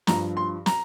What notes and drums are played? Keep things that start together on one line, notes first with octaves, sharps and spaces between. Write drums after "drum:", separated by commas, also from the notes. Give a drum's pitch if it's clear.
G2 F3 A#5, drum: snare
C6
A#5, drum: snare